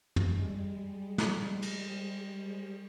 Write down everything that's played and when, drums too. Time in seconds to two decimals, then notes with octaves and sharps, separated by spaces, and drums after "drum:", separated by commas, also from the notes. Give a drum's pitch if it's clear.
0.16 G3 G#3, drum: tom
1.18 drum: snare
1.62 drum: cymbal